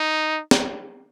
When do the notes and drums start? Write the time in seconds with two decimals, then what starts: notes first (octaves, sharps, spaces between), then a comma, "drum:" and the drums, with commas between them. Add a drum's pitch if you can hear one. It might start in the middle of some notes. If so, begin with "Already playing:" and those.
Already playing: D#4
0.51 drum: snare